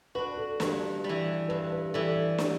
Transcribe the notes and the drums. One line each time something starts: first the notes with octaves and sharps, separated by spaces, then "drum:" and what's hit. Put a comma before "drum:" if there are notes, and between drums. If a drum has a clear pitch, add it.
D4 F#4 B4
A4
G2 B4, drum: snare
G3
E3
G2 B4
B4
E3 G3 A4
drum: snare